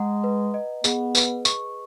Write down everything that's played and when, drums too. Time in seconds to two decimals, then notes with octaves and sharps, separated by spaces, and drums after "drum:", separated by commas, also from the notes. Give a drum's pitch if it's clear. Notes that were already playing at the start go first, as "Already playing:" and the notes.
Already playing: G#3 F#5 A#5
0.24 B4
0.54 D#5
0.84 B3 G#4, drum: tambourine
1.15 B4, drum: tambourine
1.45 C#6, drum: tambourine